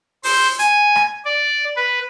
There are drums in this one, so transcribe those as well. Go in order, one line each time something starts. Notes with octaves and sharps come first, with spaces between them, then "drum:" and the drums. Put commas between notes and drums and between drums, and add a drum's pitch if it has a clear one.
C5, drum: open hi-hat
G#5, drum: hi-hat
drum: rim click
D5
B4